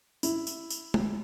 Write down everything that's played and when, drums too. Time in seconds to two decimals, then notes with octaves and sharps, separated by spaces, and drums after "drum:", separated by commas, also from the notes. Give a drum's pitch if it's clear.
0.23 E4, drum: tambourine
0.47 drum: tambourine
0.70 drum: tambourine
0.94 drum: tom G#3